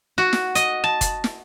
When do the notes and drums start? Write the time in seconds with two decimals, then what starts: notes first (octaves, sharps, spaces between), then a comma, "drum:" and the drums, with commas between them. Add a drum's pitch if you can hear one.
0.18 F#4
0.33 drum: snare
0.55 D#5, drum: hi-hat
0.84 A5
1.01 drum: kick F#1, hi-hat
1.24 drum: snare